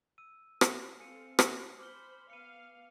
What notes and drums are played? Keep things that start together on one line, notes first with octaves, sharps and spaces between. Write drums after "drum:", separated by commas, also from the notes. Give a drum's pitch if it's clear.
E6 D#7
B3 E7, drum: rim click
C4 A4 F5 G#5 C#7 D#7
F#4, drum: rim click
C5 B5 D6 F6 G7
B3 F5 C#7 D#7